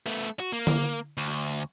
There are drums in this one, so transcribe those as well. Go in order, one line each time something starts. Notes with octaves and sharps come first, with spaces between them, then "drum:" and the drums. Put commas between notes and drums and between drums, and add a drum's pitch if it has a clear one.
A3 B3
F#4
A#3
drum: tom D3
D2